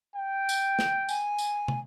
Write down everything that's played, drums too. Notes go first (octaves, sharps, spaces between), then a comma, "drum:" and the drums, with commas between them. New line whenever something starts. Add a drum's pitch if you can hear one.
G5
drum: tambourine
drum: snare
G#5, drum: tambourine
drum: tambourine
drum: tom